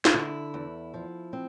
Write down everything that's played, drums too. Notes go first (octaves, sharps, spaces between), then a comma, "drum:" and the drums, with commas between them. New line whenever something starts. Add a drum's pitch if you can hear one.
F4, drum: snare
D3 E4
E2
F3
C4